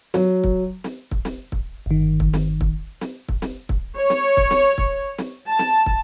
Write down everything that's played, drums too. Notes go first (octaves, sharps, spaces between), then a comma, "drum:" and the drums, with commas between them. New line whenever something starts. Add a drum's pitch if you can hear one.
F#3, drum: snare
drum: kick
drum: snare
drum: kick
drum: snare
drum: kick
G1 D#3
drum: kick
drum: snare
drum: kick
drum: snare
drum: kick
drum: snare
drum: kick
C#5
drum: snare
drum: kick
drum: snare
drum: kick
drum: snare
A5
drum: snare
drum: kick